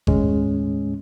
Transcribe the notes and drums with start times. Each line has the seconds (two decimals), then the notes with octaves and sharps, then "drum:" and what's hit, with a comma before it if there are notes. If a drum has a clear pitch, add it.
0.07 D#2 A2 G#3 C#4, drum: kick G1